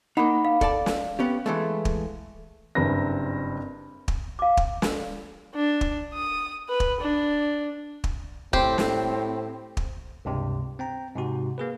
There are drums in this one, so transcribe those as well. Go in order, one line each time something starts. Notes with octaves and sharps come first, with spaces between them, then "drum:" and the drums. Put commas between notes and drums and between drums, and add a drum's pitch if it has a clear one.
A#3 D#4 F#5 B5
F5
A4 D5 A5, drum: kick
drum: snare
B3 C#4 G4
E3 G#3 A3
drum: kick
F#1 G2 C4 A#6
drum: kick
F5 D6
drum: kick
drum: snare
D4
drum: kick
D#6
B4
drum: kick
D4
drum: kick
A2 C4 G4 C5, drum: kick
drum: snare
drum: kick
C#2 G2 C3
C4 G5 A#5
G#2 C3 F#4
A#3 G#4 B4